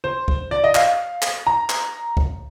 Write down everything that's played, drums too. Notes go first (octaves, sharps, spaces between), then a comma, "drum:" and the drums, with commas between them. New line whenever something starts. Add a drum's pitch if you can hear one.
C5
drum: kick C2
D5
D#5
F5, drum: clap
drum: clap
A#5
drum: clap
drum: kick C2